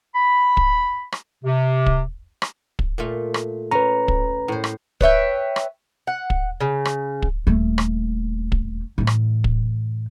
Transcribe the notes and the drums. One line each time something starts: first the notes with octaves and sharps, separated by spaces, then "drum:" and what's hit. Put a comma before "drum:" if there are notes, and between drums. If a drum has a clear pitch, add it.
B5
drum: kick
drum: rim click
C3
drum: kick
drum: rim click
drum: kick
A#2 A3 F4
drum: rim click
C#4 B4 A#5
drum: kick
A2 C5
drum: rim click
B4 C#5 E5 G5, drum: kick
drum: rim click
F#5
drum: kick
C#3
drum: rim click
drum: kick
D#1 A3
drum: rim click
drum: kick
A2 E3
drum: rim click
drum: kick